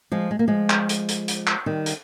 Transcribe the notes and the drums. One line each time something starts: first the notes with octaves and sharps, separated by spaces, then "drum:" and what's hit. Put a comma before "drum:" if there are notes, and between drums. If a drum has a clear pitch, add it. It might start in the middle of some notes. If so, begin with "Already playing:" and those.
F3 G#3
G#3
A#3
F3 G#3
drum: clap
drum: hi-hat
drum: hi-hat
drum: hi-hat
drum: clap
D#3 G3
drum: hi-hat